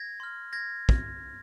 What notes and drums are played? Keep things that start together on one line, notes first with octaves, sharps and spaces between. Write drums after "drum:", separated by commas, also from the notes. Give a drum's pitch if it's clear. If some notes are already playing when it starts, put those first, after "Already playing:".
Already playing: G#6 A#6
C6 F6
G#6 A#6
drum: kick